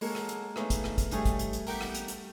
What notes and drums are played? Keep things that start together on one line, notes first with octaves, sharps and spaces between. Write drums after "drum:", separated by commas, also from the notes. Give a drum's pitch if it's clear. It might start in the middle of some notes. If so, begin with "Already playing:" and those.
G#3 A#3 F#4 A4 C#5, drum: open hi-hat
drum: rim click
drum: hi-hat
A3 B3 D#4 G#4 C#5 F5, drum: rim click
drum: kick, hi-hat
drum: rim click
drum: kick, hi-hat
G3 A3 D#4 G#4 C#5, drum: hi-hat
drum: kick, hi-hat
drum: hi-hat
drum: hi-hat
B3 D#4 G4 A#4, drum: open hi-hat
drum: rim click
drum: hi-hat
drum: hi-hat